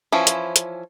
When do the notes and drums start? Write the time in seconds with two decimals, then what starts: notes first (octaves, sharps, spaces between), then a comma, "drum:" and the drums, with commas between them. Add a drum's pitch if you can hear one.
0.12 E3 F3 C#4 E4
0.27 drum: hi-hat
0.56 drum: hi-hat